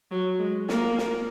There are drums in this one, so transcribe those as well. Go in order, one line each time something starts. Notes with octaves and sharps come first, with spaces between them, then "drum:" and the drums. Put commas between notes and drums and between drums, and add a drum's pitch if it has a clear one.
F#3
G#3
A#3, drum: snare
drum: snare